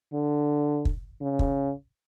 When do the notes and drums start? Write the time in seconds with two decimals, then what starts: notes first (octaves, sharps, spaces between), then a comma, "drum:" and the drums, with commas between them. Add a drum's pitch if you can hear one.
0.13 D3
0.85 drum: kick
1.21 C#3
1.39 drum: kick